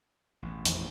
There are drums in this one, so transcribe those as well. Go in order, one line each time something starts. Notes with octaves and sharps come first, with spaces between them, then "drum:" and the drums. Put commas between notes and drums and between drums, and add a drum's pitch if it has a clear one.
A1 E2 B2
F2 D#3, drum: hi-hat